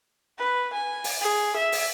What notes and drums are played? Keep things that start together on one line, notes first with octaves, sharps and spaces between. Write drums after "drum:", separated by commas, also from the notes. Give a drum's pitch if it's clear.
B4
G#5
drum: open hi-hat
G#4
E5
drum: open hi-hat